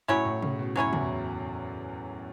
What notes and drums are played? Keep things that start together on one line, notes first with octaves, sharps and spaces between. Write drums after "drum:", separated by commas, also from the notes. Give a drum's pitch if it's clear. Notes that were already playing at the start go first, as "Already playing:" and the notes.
A2 F#3 C#4 E4 C#5
A2
C#3, drum: tom
B2
F#2 F#3 C#4 E4 C#5
E2, drum: tom